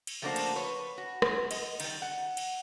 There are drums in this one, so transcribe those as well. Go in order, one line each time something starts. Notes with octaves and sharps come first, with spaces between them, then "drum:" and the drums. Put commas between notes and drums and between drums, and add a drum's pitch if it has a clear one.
drum: cymbal
F3 A3 A#3 D4 F#4 C5
drum: cymbal
B4 C#5
F#4
drum: rim click
D#5, drum: cymbal
D#3 G3, drum: cymbal
F#5
drum: cymbal